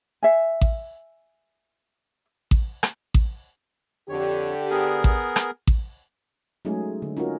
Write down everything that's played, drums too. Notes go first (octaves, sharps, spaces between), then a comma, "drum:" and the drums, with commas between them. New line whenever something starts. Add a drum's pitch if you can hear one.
E5 G#5
drum: kick A1
drum: kick A1
drum: rim click
drum: kick A1
F2 D3 G4 C#5
B3 G#4 A#4
drum: kick A1
drum: rim click
drum: kick A1
F#3 G#3 A3 C#4 D#4 G#4
D3
C#4 D#4 F4 F#4 A#4